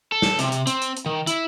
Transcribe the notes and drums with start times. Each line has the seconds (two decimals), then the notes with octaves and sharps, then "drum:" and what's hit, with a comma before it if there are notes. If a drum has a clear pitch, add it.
0.12 A4
0.22 drum: snare
0.39 C3, drum: hi-hat
0.52 drum: hi-hat
0.67 C4, drum: hi-hat
0.82 drum: hi-hat
0.97 drum: hi-hat
1.06 D#3
1.27 E4, drum: hi-hat